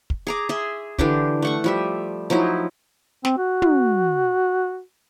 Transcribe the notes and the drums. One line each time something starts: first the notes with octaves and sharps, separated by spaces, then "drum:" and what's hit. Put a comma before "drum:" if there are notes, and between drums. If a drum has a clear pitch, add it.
drum: kick
G#4 A#5 D6
G#4 E5 C6
D3 E3 D4 G4, drum: kick
A3 F#5 C#6
F3 G3 E5
F3 F#3 D#4 E4
C4, drum: snare
F#4
drum: tom